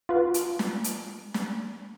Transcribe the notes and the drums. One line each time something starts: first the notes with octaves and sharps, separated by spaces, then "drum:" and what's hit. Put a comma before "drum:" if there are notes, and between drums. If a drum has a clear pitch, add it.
F4 F#4 B4
drum: hi-hat
drum: snare
drum: hi-hat
drum: snare